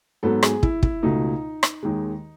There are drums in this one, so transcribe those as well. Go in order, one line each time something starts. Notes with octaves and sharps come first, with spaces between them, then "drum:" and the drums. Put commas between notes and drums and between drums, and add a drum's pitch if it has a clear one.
G#2 F#3 B3 A4
G#4, drum: rim click
E4, drum: kick
E4, drum: kick
C#2 B2 A3 D#4
drum: rim click
D#2 D#3 G#3